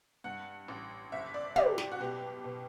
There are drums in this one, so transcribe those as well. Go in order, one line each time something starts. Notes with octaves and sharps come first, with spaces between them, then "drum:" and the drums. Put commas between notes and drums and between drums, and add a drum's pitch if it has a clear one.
G2 F#5
A1
F#1 E5
D5
F#1 G4, drum: tom
G4, drum: snare
F#4
B2 G4
B2